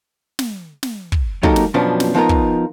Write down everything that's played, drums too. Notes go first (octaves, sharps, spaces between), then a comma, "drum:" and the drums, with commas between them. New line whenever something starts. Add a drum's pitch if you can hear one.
drum: snare
drum: snare
drum: kick
F#3 A#3 D#4 G4 A4 A#4, drum: kick
drum: snare
F#2 B2 F3 B3 C#4 D4
drum: snare
F3 B3 D#4 F4 A#4
drum: kick